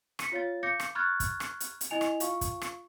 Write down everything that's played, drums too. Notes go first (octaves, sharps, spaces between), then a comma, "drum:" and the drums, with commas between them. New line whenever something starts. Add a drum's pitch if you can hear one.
B6 C#7 D#7, drum: rim click
F4 C#5 F5 A6
F5 D6 G6 A#6 C#7
drum: rim click
B5 C#6 F6 F#6 G#6 A6
drum: kick, hi-hat
drum: rim click
drum: hi-hat
drum: hi-hat
E4 D#5 G#5 F7
drum: rim click
F4 F5 C#6, drum: hi-hat
drum: kick, hi-hat
drum: rim click